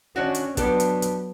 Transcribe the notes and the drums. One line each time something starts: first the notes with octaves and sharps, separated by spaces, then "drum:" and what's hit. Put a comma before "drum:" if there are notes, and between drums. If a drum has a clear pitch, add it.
D#3 C#4 D4 F#4
drum: hi-hat
F#3 B3 D4 G4 A4, drum: kick, hi-hat
drum: hi-hat
drum: hi-hat